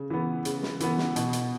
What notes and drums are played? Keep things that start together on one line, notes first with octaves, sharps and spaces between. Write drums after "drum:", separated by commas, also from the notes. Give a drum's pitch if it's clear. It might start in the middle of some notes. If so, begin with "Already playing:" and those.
Already playing: C#3
E3 B3
C#3, drum: hi-hat
drum: snare
E3 B3, drum: hi-hat
drum: snare
B2, drum: hi-hat
drum: hi-hat